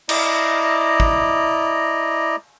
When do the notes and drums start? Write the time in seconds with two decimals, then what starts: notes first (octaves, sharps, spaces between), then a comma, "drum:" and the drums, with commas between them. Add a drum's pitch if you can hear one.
0.09 E4 D5 D#5 A#5, drum: cymbal
1.00 drum: kick